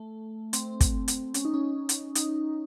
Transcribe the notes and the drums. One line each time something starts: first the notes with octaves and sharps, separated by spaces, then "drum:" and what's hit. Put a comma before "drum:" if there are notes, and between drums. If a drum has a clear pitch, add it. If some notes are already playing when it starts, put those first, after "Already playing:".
Already playing: A3
C4, drum: hi-hat
drum: kick, hi-hat
drum: hi-hat
C#4, drum: hi-hat
D#4
C#4
drum: hi-hat
D#4, drum: hi-hat